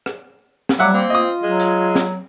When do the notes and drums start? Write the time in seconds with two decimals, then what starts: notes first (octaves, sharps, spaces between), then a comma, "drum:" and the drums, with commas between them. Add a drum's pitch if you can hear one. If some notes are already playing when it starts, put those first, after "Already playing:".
0.06 drum: rim click
0.69 drum: snare
0.79 F#3 G3 E5 F#5 D6
0.93 A#3 C4
1.10 F4 D#5 D#6
1.43 F#3 G#3
1.60 drum: hi-hat
1.95 drum: snare